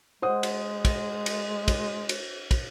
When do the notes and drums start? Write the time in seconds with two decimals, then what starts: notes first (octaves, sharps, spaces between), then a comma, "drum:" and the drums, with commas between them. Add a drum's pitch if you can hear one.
0.22 G#3 C5 F#5 D#6
0.43 drum: cymbal
0.85 drum: kick, cymbal
1.26 drum: cymbal
1.68 drum: kick, cymbal
2.09 drum: cymbal
2.51 drum: kick, cymbal